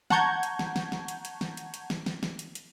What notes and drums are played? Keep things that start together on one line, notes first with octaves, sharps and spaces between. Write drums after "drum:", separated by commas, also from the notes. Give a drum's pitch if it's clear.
F#5 A5 A#5 C#6 G6 G#6, drum: snare
drum: hi-hat
drum: snare
drum: snare
drum: snare
drum: hi-hat
drum: hi-hat
drum: snare
drum: hi-hat
drum: hi-hat
drum: snare
drum: snare
drum: snare
drum: hi-hat
drum: hi-hat